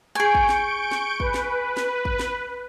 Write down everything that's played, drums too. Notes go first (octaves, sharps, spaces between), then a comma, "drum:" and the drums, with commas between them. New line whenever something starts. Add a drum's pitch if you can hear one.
G#4 G#5 C#6 G6 D7
drum: kick
drum: snare
drum: snare
B4, drum: kick
drum: snare
drum: snare
drum: kick
drum: snare